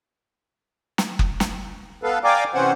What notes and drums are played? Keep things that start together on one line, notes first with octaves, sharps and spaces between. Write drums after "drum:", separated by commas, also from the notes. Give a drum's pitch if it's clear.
drum: snare
drum: kick F#1
drum: snare
B3 A4 B4 F5
D5 F5 G5 G#5 A#5 D6
C3 E3 C4 C#4 C5 F#5